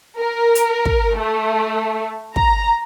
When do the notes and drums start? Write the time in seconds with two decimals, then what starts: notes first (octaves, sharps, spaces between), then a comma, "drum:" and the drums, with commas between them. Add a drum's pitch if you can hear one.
0.19 A#4
0.55 drum: hi-hat
0.85 drum: kick
1.16 A3
2.36 A#5, drum: kick